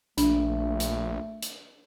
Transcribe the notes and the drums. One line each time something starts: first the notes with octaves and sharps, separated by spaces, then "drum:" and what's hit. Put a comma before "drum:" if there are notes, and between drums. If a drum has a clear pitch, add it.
A#1 A3 D4, drum: hi-hat
drum: hi-hat
drum: hi-hat